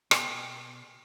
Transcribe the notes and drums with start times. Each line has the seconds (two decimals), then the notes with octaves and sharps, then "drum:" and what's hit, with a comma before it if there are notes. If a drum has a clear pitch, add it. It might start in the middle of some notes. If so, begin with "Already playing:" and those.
0.11 B2 G5 G#5, drum: rim click